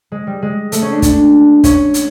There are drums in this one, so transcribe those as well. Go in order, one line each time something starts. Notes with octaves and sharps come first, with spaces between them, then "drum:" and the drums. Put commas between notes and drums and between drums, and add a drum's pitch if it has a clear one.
G#3
G3
G#3
A3, drum: hi-hat
C#4
D4
D4, drum: kick, hi-hat
C#4, drum: kick, hi-hat
drum: hi-hat